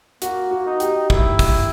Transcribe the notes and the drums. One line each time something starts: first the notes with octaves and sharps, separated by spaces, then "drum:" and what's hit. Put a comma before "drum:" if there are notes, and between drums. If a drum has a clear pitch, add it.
A#3 F#4, drum: hi-hat
F#4
D#4
G4, drum: hi-hat
E4, drum: kick
drum: kick, open hi-hat